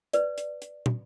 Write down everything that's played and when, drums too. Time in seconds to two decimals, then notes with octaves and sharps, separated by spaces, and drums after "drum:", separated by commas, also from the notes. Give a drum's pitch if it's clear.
0.13 B4 D5, drum: hi-hat
0.38 drum: hi-hat
0.62 drum: hi-hat
0.86 drum: tom